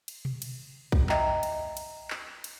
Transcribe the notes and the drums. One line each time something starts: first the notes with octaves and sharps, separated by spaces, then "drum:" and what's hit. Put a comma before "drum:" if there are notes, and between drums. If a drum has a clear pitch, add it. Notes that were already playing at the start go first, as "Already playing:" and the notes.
drum: cymbal
drum: tom B2
drum: cymbal
drum: kick B1
D#5 E5 G5 A#5, drum: clap
drum: cymbal
drum: cymbal
drum: clap
drum: cymbal